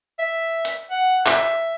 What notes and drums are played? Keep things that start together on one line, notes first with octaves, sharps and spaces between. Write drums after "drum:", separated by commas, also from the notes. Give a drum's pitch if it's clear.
E5
drum: hi-hat
F#5
E5, drum: clap